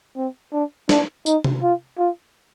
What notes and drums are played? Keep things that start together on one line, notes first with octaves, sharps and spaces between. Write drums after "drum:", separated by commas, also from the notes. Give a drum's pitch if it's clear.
C4
D4
D4, drum: snare
D#4, drum: tambourine
drum: tom C3
F4
F4